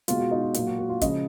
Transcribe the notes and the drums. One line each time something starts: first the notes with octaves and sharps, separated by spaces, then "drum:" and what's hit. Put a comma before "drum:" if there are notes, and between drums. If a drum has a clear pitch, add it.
B2 G#3 F4, drum: hi-hat
F#4
D#4
F4
A#2 F#3 F4, drum: hi-hat
F#4
F#4
F4
C#3 F3 G#3 D#5, drum: kick, hi-hat